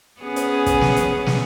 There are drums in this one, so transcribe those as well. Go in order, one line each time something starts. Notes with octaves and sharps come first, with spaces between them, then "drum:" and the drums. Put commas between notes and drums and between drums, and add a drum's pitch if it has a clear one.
B3 C#4 G#4
drum: hi-hat
drum: kick, hi-hat
drum: snare
drum: hi-hat
drum: snare